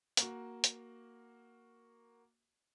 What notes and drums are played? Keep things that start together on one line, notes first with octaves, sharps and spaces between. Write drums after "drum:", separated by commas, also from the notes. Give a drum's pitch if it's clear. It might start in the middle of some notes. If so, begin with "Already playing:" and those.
A#3 F#4, drum: hi-hat
drum: hi-hat